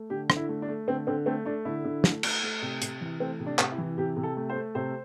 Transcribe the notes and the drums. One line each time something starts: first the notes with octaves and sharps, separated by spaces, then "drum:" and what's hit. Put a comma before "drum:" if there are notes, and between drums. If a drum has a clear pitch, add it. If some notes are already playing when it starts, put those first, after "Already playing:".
Already playing: A3
D3 G4
D3, drum: rim click
E4
A3
D4
A3
D3 C4
D3 C4
A3 C4
A3 D4
D3 E4
D3
A3, drum: snare
A3, drum: cymbal
A3
C3
C3, drum: hi-hat
E3
A3 C4
C3
D4
C3, drum: clap
E4
E3
C3 G4
C3
A4
A3
C5
A3
C3 C5